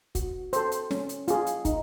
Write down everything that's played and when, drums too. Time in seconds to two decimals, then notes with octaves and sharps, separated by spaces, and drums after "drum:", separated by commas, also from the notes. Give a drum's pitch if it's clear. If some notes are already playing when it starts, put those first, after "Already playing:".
0.15 F#4, drum: kick, hi-hat
0.53 A4 C5, drum: hi-hat
0.72 drum: hi-hat
0.91 C#4, drum: snare
1.09 drum: hi-hat
1.28 F4 G#4, drum: hi-hat
1.46 drum: hi-hat
1.65 D#4, drum: kick, hi-hat